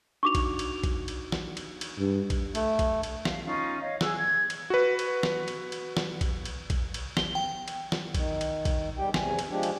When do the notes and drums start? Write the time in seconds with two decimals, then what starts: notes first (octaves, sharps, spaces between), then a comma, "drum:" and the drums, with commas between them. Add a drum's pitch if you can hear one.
0.23 D4 D#4 F#4 C#6 D6 F7
0.35 drum: kick A#1, cymbal
0.59 drum: cymbal
0.84 drum: kick A#1, cymbal
1.08 drum: cymbal
1.32 drum: snare
1.57 drum: cymbal
1.81 drum: cymbal
1.98 G2
2.30 drum: kick A#1, cymbal
2.55 A3, drum: cymbal
2.79 drum: kick A#1, cymbal
3.03 drum: cymbal
3.25 F5, drum: snare
3.44 C#4 D#4 F4 F5
3.81 C#5 D#5 F5
4.01 G#4 G#5 E6 F#6, drum: snare
4.18 G#6
4.50 drum: cymbal
4.70 F#4 B4
4.99 drum: cymbal
5.23 drum: snare
5.48 drum: cymbal
5.72 drum: cymbal
5.97 drum: snare
6.21 drum: kick A#1, cymbal
6.45 drum: cymbal
6.70 drum: kick A#1, cymbal
6.94 drum: cymbal
7.17 G7, drum: snare
7.35 G5
7.68 drum: cymbal
7.92 drum: snare
8.14 D#3, drum: kick A#1, cymbal
8.41 drum: cymbal
8.65 drum: kick A#1, cymbal
8.98 E2 D#3 G3 G4 G5
9.14 E2 C3 G#5, drum: snare
9.39 drum: cymbal
9.50 F3 G#3 D4 G4
9.63 drum: cymbal